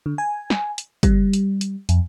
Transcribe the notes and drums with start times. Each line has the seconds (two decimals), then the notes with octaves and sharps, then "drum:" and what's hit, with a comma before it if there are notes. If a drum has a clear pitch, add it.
0.06 D3
0.18 G#5
0.50 drum: snare
0.78 drum: hi-hat
1.03 G3, drum: kick, hi-hat
1.33 drum: hi-hat
1.61 drum: hi-hat
1.89 F2, drum: hi-hat